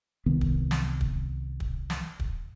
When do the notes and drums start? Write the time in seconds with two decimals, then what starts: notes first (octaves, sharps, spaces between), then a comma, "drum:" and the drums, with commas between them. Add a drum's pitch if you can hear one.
0.26 C2 D#3 B3
0.41 drum: kick
0.71 drum: snare
1.01 drum: kick
1.60 drum: kick
1.90 drum: snare
2.20 drum: kick